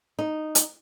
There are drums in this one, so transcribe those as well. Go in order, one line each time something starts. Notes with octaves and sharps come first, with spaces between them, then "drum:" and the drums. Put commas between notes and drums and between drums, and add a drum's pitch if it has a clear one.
D#4
drum: hi-hat